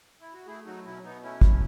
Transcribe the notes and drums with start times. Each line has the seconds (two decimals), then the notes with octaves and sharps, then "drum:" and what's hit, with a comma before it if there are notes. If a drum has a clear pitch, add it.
0.20 E4
0.33 F#4
0.47 A3 E4 G#4
0.66 F#3 D#4 F#4
0.85 B2 C#4 E4
1.04 B2 B3 D#4
1.23 A3 C#4 E4
1.41 F#3, drum: kick